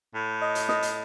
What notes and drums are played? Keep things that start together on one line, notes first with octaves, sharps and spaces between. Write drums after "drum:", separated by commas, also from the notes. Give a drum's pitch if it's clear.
A2
D#5
drum: hi-hat
D#5, drum: snare
drum: hi-hat